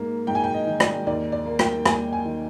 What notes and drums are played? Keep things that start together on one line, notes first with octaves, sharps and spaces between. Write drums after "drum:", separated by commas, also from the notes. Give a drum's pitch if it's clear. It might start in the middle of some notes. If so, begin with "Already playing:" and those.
Already playing: G#2 A#3
G#2 G5
G#5
G5
D#5
D#3
D5, drum: rim click
D#2 D5
D5
A#3
G5, drum: rim click
D#2 G#5, drum: rim click
G#5
D#3